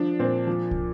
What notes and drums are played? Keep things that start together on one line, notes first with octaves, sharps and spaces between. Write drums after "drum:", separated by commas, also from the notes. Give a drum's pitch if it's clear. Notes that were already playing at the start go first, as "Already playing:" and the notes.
Already playing: F3 D4
A#2 C4
F3
drum: kick